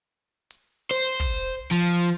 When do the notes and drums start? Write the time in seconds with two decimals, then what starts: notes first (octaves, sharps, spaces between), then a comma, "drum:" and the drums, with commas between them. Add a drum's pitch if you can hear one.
0.51 drum: hi-hat
0.91 C5
1.20 drum: kick, hi-hat
1.72 F3
1.89 drum: hi-hat